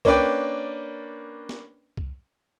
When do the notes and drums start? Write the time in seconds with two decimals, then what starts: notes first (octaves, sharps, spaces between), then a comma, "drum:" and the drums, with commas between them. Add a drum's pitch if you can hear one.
0.05 A#3 C#4 D4 B4 D5 G5, drum: kick C2
1.49 drum: snare
1.97 drum: kick C2